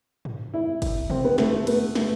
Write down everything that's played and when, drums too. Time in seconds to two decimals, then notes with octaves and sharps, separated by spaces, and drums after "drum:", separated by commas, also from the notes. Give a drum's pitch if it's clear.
0.25 drum: tom
0.54 E4
0.82 drum: kick, cymbal
1.10 C4, drum: tom
1.24 B3
1.38 A3, drum: snare
1.53 A3
1.67 B3, drum: cymbal
1.95 A3, drum: snare